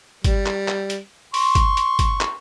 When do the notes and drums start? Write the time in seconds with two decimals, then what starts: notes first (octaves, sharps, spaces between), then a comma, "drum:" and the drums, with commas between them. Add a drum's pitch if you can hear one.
0.24 G3, drum: kick, hi-hat
0.46 drum: clap
0.68 drum: clap
0.90 drum: hi-hat
1.34 C6 C#6, drum: open hi-hat
1.55 drum: kick, hi-hat
1.77 drum: hi-hat
1.99 drum: kick, hi-hat
2.21 drum: clap